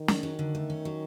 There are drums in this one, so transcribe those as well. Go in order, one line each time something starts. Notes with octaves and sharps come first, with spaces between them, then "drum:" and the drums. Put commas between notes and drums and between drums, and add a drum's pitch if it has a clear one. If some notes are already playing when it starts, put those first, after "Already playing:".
Already playing: D#3
C#4, drum: snare
F#3
D3
A3
C#4
F#3